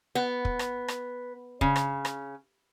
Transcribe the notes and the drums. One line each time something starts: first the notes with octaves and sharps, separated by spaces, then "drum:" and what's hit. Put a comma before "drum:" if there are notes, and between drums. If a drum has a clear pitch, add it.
B3
drum: kick
drum: rim click
drum: rim click
C#3, drum: kick
drum: rim click
drum: rim click